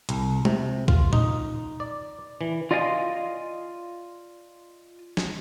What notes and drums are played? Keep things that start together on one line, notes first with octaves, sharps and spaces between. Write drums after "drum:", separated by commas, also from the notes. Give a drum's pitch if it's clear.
C2, drum: hi-hat
C3, drum: tom
F4, drum: kick B1
D#4, drum: tom A#2
D5
E3
F4 D5 D#5 F5 G5 G#5
drum: snare